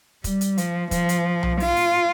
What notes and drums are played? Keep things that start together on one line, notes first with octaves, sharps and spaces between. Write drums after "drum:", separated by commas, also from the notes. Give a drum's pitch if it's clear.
G3, drum: kick, hi-hat
drum: hi-hat
F3, drum: hi-hat
F3, drum: kick, hi-hat
drum: hi-hat
drum: tom B1
F4, drum: open hi-hat
drum: open hi-hat